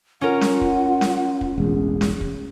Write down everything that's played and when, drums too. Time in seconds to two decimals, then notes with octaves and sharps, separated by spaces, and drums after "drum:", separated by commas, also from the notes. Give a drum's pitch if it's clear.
0.21 C#4 F4 A#4 F#5
0.41 drum: snare C#4
0.61 drum: kick
1.01 drum: snare C#4
1.41 drum: kick
1.58 E1 A1 G#4
2.01 drum: snare C#4
2.21 drum: kick